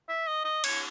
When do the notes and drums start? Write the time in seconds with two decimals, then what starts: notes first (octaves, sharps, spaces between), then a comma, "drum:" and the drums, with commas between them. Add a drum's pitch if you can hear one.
0.09 E5
0.27 D#5
0.45 D#5
0.64 C#5, drum: cymbal